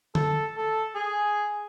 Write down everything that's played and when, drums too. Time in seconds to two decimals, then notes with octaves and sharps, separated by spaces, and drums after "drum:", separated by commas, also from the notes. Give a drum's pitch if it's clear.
0.15 A4, drum: tom D3
0.57 A4
0.95 G#4